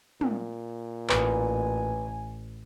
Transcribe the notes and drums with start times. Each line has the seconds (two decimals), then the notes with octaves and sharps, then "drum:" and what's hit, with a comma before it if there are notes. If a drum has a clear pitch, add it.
0.21 A#2, drum: tom
1.09 A1 A2 B4 G#5, drum: clap